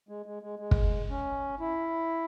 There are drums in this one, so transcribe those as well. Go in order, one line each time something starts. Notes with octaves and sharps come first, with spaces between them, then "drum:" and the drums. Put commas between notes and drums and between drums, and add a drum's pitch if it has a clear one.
G#3
G#3
G#3
G#3
drum: kick
C#4
E4